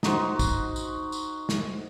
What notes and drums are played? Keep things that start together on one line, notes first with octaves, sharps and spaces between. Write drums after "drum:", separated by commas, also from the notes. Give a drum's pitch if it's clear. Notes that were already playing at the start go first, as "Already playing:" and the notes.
D#4 F#4 C5, drum: snare
drum: kick, tambourine
drum: tambourine
drum: tambourine
drum: snare